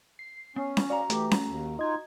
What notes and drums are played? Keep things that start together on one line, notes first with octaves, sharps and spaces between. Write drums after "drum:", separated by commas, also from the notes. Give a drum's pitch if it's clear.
C7
B3 C#4
drum: snare C#4
F#4 D5 F5 A#5
E3 A3 G4, drum: hi-hat
drum: snare C#4
D#2
D#4 F4 D#5 G#6